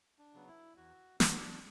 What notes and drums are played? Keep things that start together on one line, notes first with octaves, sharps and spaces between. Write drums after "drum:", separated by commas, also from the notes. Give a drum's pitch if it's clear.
D4
C#3 F#3 B3
E4
E2 F#4
C#3 F#3 B3 D4, drum: snare